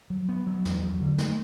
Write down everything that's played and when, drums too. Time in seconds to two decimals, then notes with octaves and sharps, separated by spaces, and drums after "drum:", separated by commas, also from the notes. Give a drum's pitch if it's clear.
0.10 F#3
0.29 B3
0.47 F#3
0.65 E2, drum: snare
0.83 F#3
1.01 D3
1.18 A3, drum: snare